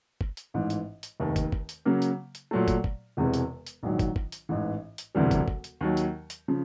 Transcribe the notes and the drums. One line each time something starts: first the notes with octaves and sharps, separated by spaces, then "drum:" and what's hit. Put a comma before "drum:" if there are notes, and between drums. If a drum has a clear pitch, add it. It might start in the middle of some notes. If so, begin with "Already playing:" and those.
drum: kick
drum: hi-hat
A1 G#2 E3
drum: hi-hat
drum: hi-hat
F1 D#2 D#3
drum: kick, hi-hat
drum: kick
drum: hi-hat
C#3 F#3 A#3
drum: hi-hat
drum: hi-hat
A#2 F#3 A3
drum: kick, hi-hat
drum: kick
E1 E2 C3 E3 G#3
drum: hi-hat
drum: hi-hat
A#1 G#2 D#3 F#3
drum: kick, hi-hat
drum: kick
drum: hi-hat
A1 G#2 E3
drum: hi-hat
E1 D2 C3 E3 G3
drum: kick, hi-hat
drum: kick
drum: hi-hat
D#2 D#3 F#3
drum: hi-hat
drum: hi-hat
C#3 F3